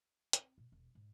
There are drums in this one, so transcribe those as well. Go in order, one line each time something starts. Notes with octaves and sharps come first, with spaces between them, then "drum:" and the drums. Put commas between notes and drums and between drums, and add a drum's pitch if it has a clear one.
C4, drum: hi-hat
A#2
E1
G#2